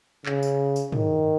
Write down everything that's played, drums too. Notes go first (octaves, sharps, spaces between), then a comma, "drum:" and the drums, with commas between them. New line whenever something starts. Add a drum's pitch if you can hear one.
C#3, drum: clap
drum: tambourine
drum: tambourine
D#3, drum: tom